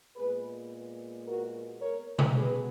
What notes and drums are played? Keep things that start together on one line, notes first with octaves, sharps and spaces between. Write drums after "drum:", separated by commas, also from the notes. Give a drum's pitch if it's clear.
A#2 G#3 B3 G#4 B4
F#4 A#4
A#4 C#5
drum: tom B2
B2 G#3 B3 G#4 B4